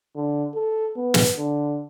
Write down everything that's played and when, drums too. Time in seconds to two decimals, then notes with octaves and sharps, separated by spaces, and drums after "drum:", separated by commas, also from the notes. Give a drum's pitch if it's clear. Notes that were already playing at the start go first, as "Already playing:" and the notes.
0.16 D3
0.55 A4
0.96 B3
1.14 drum: snare
1.38 D3